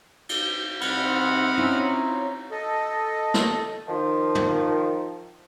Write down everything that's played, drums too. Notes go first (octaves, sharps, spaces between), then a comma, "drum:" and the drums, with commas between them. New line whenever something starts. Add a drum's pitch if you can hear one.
drum: cymbal
C2 C4 D#4 F#5 B5 F6, drum: cymbal
C#4 E4 F4 C#5 A#5
A4 D#5
drum: snare
D#3 F3
drum: tom